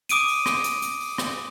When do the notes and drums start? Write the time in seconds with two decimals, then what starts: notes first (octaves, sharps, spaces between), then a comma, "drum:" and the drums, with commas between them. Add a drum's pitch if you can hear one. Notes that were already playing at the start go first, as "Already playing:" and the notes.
0.09 D6 D#6 D7 D#7, drum: hi-hat
0.28 drum: open hi-hat
0.46 drum: rim click
0.64 drum: hi-hat
0.82 drum: hi-hat
1.00 drum: open hi-hat
1.18 drum: rim click